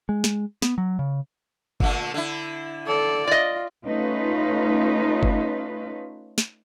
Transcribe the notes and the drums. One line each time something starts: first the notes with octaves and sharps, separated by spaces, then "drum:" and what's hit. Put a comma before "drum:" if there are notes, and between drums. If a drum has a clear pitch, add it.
G#3
drum: snare
B3, drum: snare
F#3
C#3
A#2 D3 A3, drum: kick G1
D3 E4
A4 D5
F4 D5 D#5
A3 C#4 D#4 F4 B4
drum: kick G1
drum: snare